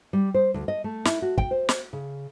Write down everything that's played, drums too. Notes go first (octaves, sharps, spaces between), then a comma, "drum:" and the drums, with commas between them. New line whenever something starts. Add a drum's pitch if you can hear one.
G3
C5
D2
D#5
A3
E4, drum: snare
F#4
G5, drum: kick
C5
drum: snare
C#3